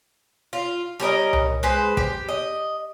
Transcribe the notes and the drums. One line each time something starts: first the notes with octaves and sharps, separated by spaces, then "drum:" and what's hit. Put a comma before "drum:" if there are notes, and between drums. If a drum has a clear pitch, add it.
F4
G3 C#4 A#4 D#5
drum: tom C2
G#3 B4 C5
G4, drum: kick
D#5